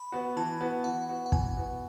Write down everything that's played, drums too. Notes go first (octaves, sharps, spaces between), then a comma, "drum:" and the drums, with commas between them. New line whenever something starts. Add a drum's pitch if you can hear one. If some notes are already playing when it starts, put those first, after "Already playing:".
Already playing: B5
B3 F#4
E3 A5
B3 F#4
E3 F#5
B3 F#4
F#5
E3 G#5, drum: kick
B3 F#4